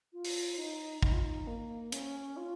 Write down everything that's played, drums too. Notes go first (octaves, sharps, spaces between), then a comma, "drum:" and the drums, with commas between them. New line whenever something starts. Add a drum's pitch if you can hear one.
F4
drum: open hi-hat
D#4
D#4, drum: kick
F4
D#4
A#3
C#4, drum: hi-hat
F4